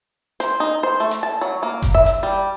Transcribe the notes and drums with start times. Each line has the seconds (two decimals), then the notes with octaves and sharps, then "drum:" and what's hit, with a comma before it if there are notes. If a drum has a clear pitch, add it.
0.40 C5, drum: hi-hat
0.60 D#4
0.83 C5
1.00 A3
1.11 drum: hi-hat
1.23 A5
1.41 F#3
1.63 A#3
1.82 drum: kick F#1, hi-hat
1.95 E5
2.06 drum: hi-hat
2.23 G3